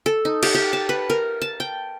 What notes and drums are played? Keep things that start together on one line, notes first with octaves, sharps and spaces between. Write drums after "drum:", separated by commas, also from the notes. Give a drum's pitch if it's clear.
A4
D#4
G4, drum: cymbal
G4
A5
B4
A#4
A5
G5